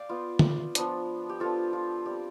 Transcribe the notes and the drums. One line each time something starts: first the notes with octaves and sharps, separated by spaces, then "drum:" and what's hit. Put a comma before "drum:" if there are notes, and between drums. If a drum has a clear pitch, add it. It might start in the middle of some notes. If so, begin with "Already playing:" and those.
Already playing: D5 F5 G5
B3 F4
drum: tom D3
F3 B3 D4, drum: hi-hat
G4
F3 B3 D4 F4 A4
F4
G3 C4 F4 G4